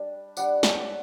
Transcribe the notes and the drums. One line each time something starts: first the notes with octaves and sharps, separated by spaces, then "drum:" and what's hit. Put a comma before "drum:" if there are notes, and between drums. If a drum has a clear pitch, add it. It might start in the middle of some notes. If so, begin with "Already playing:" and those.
Already playing: G3 D4
G3 D4 D5 F#5, drum: tambourine
C#5 E5, drum: snare
D5